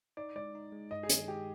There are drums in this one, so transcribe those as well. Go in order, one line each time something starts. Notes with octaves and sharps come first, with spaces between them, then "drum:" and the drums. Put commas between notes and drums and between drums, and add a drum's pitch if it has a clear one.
D#4 D5
G#3 D5
D#4
G#3
G2 D#5
G#4
D#3, drum: hi-hat
G#3 G4